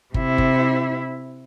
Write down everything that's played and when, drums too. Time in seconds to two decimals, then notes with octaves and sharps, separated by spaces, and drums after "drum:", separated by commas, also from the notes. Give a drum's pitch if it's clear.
0.14 C3 E4, drum: kick G1
0.38 drum: kick G1